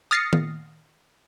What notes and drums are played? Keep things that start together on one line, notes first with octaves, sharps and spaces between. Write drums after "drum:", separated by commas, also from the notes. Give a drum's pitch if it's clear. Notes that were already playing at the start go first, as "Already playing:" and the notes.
D#6 F6 A6 A#6 C7 C#7
drum: tom D#3